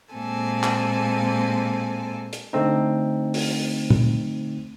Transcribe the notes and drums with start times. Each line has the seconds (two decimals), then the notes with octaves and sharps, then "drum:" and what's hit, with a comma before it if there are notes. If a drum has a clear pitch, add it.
0.14 A#2 G#3 A#3 C4 A4 G#5
0.63 drum: clap
2.33 drum: hi-hat
2.53 D3 A3 C4 D#4
3.34 drum: open hi-hat
3.90 drum: tom